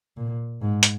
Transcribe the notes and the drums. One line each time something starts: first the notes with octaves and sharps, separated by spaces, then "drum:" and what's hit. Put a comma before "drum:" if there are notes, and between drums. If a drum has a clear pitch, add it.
A#2
G#2
drum: hi-hat